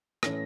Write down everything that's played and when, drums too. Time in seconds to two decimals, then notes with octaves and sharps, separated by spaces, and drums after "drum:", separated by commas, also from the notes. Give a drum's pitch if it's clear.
0.23 A2 E3 A3 C#4 A#6, drum: rim click